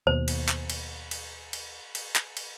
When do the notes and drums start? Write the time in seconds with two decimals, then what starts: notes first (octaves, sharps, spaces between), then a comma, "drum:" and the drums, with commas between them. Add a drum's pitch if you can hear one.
0.07 D#2 B2 C5
0.28 drum: cymbal
0.49 drum: clap
0.70 drum: cymbal
1.11 drum: cymbal
1.53 drum: cymbal
1.95 drum: cymbal
2.16 drum: clap
2.37 drum: cymbal